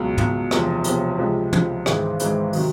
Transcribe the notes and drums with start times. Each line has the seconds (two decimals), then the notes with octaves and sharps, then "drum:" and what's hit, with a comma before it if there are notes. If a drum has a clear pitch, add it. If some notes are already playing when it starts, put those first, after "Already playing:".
Already playing: C#2 B2 F#3
0.18 C#2 B2 F#3, drum: tom
0.51 E1 E2 C3 F3, drum: rim click
0.84 E1 E2 C3 F3, drum: hi-hat
1.18 C#2 C3 F3 G#3
1.53 C#2 C3 F3 G#3, drum: tom
1.86 G#1 G#2 E3 G#3 C4, drum: rim click
2.20 G#1 G#2 E3 G#3 C4, drum: hi-hat
2.53 C3 D#3 F#3, drum: open hi-hat